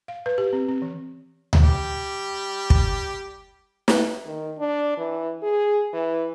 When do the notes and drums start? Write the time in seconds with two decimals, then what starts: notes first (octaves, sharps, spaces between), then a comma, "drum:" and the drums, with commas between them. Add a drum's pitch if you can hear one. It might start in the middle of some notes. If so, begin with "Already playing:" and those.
0.08 F5
0.26 B4
0.38 G4
0.53 C4
0.68 C4
0.82 E3
1.53 drum: tom D2
1.62 G3 G4
2.70 drum: kick
3.88 drum: snare
4.26 D#3
4.58 D4
4.98 E3
5.43 G#4
5.93 E3